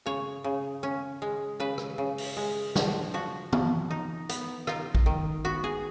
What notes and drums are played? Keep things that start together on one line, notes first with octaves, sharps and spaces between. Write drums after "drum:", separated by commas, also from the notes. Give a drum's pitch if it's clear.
C#3 C#5
C#3
C#4
G#3
C#3 B4
drum: rim click
C#3
drum: open hi-hat
G#3
F3, drum: snare
F3 F#4
F3, drum: tom
D#4
B3, drum: hi-hat
D#4 F4, drum: rim click
drum: kick
D#3
B3 F#4
G#4